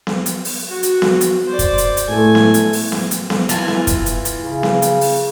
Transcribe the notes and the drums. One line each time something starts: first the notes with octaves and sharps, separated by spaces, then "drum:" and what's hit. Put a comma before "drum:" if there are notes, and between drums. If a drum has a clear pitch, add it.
drum: snare B3
drum: hi-hat
drum: open hi-hat
F#4
drum: hi-hat
drum: snare B3
drum: hi-hat
C5 D5
drum: kick, hi-hat
drum: hi-hat
drum: hi-hat
A2 A3 G#5
drum: snare B3
drum: hi-hat
drum: open hi-hat
drum: snare B3
drum: hi-hat
drum: snare B3
E3 F4 G#5, drum: hi-hat
drum: snare B3
drum: kick, hi-hat
drum: hi-hat
drum: hi-hat
C#3
drum: snare B3
drum: hi-hat
drum: open hi-hat